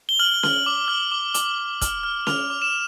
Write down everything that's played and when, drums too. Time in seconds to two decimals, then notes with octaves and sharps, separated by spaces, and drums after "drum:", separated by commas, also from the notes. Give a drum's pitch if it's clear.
0.09 G7
0.19 F6 F#7
0.43 F6, drum: snare C#4
0.66 D6
0.88 F6
1.12 D6
1.34 D6, drum: hi-hat
1.58 D6
1.81 F6, drum: kick, hi-hat
2.04 F6
2.27 F6 F7, drum: snare C#4
2.50 D6
2.62 E7